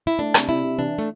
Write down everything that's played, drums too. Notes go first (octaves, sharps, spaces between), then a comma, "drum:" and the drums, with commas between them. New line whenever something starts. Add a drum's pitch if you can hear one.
E4
A3 D4
C3, drum: rim click
C3 E4
C3
E3 D4
A3